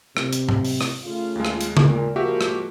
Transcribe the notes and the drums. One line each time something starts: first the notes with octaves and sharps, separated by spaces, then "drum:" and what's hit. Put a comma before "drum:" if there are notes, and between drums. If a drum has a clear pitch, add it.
C3, drum: rim click
drum: hi-hat
drum: tom G#2
drum: open hi-hat
drum: rim click
C#3 A3 F4
D#2 G#3
drum: rim click
drum: hi-hat
drum: tom C#3
A#2
F3 G#3 A#3 F#4 G4 E5
drum: rim click